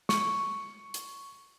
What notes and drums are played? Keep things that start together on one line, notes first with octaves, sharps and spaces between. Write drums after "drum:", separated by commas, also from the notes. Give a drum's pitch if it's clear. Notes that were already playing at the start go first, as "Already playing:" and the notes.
C#6, drum: snare
drum: hi-hat